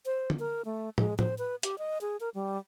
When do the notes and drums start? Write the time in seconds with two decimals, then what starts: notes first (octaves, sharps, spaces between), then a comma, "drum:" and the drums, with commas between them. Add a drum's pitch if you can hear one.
0.06 C5
0.30 drum: tom D3
0.39 A#4
0.65 A3
0.98 G#3, drum: tom
1.19 C5, drum: tom
1.38 B4
1.63 G4, drum: hi-hat
1.78 D#5
2.01 G#4
2.20 A#4
2.35 G3